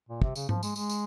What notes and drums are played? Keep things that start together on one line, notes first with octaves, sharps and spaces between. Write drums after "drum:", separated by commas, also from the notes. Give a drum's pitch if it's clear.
A#2
C3, drum: kick
C#3, drum: tambourine
F3, drum: tom G#2
G#3, drum: tambourine
G#3, drum: tambourine
drum: tambourine